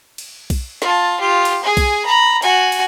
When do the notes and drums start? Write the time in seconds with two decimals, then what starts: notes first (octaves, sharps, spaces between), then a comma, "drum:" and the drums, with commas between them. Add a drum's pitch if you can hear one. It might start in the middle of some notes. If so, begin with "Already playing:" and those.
0.18 drum: cymbal
0.50 drum: kick B1, cymbal
0.82 F4 A5, drum: snare
1.20 F4 G4
1.45 drum: cymbal
1.63 G#4 G#5
1.77 drum: kick B1, cymbal
2.05 A#5 B5
2.42 F#4 G#5, drum: cymbal
2.72 drum: cymbal